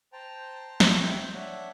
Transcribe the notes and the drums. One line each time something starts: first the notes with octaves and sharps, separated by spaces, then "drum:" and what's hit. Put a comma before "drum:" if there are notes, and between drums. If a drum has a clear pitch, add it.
C5 G5 A5 A#5
drum: snare
E5 G5
D4 C#5 E5 F#5